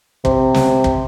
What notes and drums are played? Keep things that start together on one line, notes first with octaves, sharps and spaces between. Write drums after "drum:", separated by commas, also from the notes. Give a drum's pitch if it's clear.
C3, drum: kick
drum: snare
drum: kick